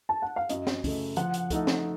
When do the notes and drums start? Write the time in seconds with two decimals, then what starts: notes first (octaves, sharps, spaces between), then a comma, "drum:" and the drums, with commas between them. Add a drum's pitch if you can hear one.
0.09 A5
0.22 F#5
0.36 F5
0.49 F#2 D#5, drum: hi-hat
0.67 drum: snare
0.84 C#3 A3, drum: kick, open hi-hat
1.16 F3 F#5, drum: hi-hat
1.34 drum: hi-hat
1.50 A3 D#4 A4, drum: kick, hi-hat
1.67 drum: snare